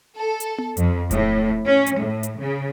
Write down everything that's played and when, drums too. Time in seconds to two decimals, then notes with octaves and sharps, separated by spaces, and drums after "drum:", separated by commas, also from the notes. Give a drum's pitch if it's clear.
0.20 A4
0.40 drum: hi-hat
0.58 drum: tom B3
0.77 F2, drum: hi-hat
1.11 A2, drum: kick D1, hi-hat
1.65 C#4
1.86 drum: hi-hat
1.97 A2
2.23 drum: hi-hat
2.39 C#3